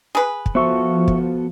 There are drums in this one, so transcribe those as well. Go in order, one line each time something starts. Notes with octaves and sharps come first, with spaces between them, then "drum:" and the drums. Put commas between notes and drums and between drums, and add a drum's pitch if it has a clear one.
G#4 B4
drum: kick
F3 B3 F#4 A4 C5 E5 C#6
drum: kick